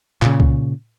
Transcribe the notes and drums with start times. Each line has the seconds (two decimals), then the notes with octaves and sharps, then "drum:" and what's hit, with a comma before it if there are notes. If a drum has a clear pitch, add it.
0.22 A#2 C#3, drum: clap
0.40 drum: kick C2